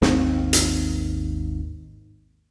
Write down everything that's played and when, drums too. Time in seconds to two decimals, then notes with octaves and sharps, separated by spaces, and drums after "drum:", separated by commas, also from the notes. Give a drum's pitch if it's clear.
0.02 G#1 D#2 D#3 C4, drum: snare
0.53 drum: hi-hat